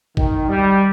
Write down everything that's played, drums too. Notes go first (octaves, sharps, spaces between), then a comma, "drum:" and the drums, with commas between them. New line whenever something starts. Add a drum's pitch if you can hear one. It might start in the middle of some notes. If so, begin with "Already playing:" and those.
D#3, drum: kick G#1
G3